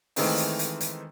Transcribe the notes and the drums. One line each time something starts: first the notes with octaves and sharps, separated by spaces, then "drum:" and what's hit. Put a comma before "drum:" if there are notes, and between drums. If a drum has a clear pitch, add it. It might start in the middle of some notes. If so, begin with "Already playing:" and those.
D#3 E3 G#3 A3 C4 D#4, drum: open hi-hat
drum: hi-hat
drum: hi-hat
drum: hi-hat